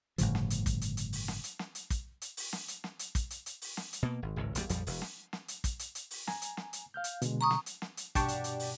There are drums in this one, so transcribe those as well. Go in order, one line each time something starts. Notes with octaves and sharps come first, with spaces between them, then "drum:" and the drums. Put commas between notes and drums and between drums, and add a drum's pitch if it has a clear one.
G1 A2 C#3 F3, drum: hi-hat
drum: snare
drum: hi-hat
drum: kick, hi-hat
drum: hi-hat
drum: hi-hat
drum: open hi-hat
drum: snare
drum: hi-hat
drum: snare
drum: hi-hat
drum: kick, hi-hat
drum: hi-hat
drum: open hi-hat
drum: snare
drum: hi-hat
drum: snare
drum: hi-hat
drum: kick, hi-hat
drum: hi-hat
drum: hi-hat
drum: open hi-hat
drum: snare
drum: hi-hat
B2 A#3
G#1
G#1 C#2 A2
G#1 E2 D#3 G3, drum: hi-hat
A#1 F2 F3 G3, drum: hi-hat
E1, drum: open hi-hat
drum: snare
drum: snare
drum: hi-hat
drum: kick, hi-hat
drum: hi-hat
drum: hi-hat
drum: open hi-hat
G#5 A#5, drum: snare
drum: hi-hat
drum: snare
drum: hi-hat
F5 F6 G6
drum: hi-hat
B2 D3 G#3, drum: hi-hat
A#5 C#6 D#6
drum: snare
drum: hi-hat
drum: snare
drum: hi-hat
G2 B2 G3 D4 G4 G5 A5 C#6, drum: kick, hi-hat
drum: hi-hat
drum: hi-hat
drum: open hi-hat